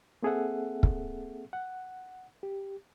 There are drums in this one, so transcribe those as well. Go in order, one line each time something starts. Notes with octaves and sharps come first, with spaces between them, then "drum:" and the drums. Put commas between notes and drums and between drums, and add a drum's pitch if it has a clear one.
A#3 C4 G#4 A4 E5 F#5
drum: kick
F#5
G4